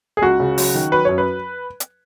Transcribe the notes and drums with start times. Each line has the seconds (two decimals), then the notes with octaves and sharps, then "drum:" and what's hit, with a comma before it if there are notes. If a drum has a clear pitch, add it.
0.17 G#4
0.22 C#2 F#4
0.40 C#3
0.58 F#3, drum: open hi-hat
0.75 D#3
0.92 F#3 B4
1.05 F#2 C#5
1.18 B4
1.80 drum: hi-hat